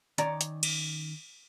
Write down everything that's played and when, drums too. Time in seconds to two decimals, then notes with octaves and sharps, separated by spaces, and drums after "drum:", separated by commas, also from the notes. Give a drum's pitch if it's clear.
0.18 D#3 C#4 D5 A#5, drum: hi-hat
0.41 drum: hi-hat
0.63 drum: cymbal